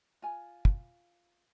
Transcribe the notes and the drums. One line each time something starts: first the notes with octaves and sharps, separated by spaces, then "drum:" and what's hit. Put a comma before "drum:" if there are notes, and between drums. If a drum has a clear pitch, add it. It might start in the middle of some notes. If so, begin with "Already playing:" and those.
F4 G#5
drum: kick